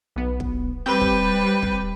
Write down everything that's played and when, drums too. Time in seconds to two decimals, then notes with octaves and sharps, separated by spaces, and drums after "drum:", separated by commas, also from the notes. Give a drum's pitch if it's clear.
0.16 B1 B3
0.40 drum: kick
0.86 G3 C4 G4 B4 G6
1.01 drum: kick
1.62 drum: kick